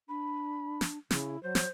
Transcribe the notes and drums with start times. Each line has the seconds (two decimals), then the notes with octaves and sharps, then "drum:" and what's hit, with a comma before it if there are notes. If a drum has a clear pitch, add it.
0.09 D4 B5
0.81 drum: snare
1.11 C#3 E4, drum: snare
1.43 F#3 C5
1.55 drum: snare